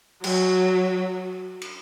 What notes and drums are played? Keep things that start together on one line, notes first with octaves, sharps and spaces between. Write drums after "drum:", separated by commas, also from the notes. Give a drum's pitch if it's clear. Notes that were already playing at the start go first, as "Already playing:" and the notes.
F#3, drum: cymbal
drum: cymbal